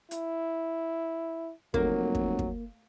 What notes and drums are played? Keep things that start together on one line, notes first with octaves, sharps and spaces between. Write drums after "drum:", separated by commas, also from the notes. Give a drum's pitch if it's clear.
E4, drum: hi-hat
F1 F#3 A#3, drum: kick
drum: kick
drum: kick